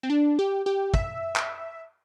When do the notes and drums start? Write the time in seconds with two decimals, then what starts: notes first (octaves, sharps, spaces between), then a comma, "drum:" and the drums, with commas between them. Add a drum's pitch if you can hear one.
0.03 C4
0.10 D4
0.39 G4
0.66 G4
0.94 E5, drum: kick
1.36 drum: clap